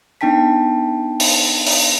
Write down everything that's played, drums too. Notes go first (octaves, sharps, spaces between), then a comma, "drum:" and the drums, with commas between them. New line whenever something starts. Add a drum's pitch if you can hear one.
B3 D4 D#4 G5 A5 B6
drum: open hi-hat
drum: open hi-hat